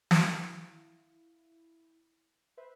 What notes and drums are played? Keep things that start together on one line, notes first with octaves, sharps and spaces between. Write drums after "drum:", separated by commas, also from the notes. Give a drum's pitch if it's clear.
E4 F4 F5, drum: snare
B4 C5 E5